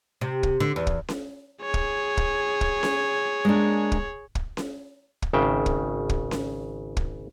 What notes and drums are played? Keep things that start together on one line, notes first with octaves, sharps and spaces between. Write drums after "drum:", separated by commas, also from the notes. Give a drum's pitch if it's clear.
C3
drum: kick
D3
E2
drum: kick
drum: snare C#4
G#4 C#5
drum: kick
drum: kick
drum: kick
drum: snare C#4
G#3 A#3 D4
drum: kick
drum: kick
drum: snare C#4
drum: kick
G#1 C#3 E5 G5
drum: kick
drum: kick
drum: snare C#4
drum: kick